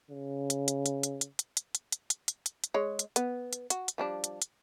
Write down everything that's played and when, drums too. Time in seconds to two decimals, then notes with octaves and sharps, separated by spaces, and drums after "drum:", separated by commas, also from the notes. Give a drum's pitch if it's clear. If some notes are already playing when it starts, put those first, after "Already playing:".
0.11 C#3
0.50 drum: hi-hat
0.68 drum: hi-hat
0.86 drum: hi-hat
1.03 drum: hi-hat
1.21 drum: hi-hat
1.39 drum: hi-hat
1.57 drum: hi-hat
1.75 drum: hi-hat
1.92 drum: hi-hat
2.10 drum: hi-hat
2.28 drum: hi-hat
2.46 drum: hi-hat
2.64 drum: hi-hat
2.74 G#3 C#5
2.99 drum: hi-hat
3.16 B3, drum: hi-hat
3.53 drum: hi-hat
3.70 F#4, drum: hi-hat
3.88 drum: hi-hat
3.98 F3 G3 D4
4.24 drum: hi-hat
4.42 drum: hi-hat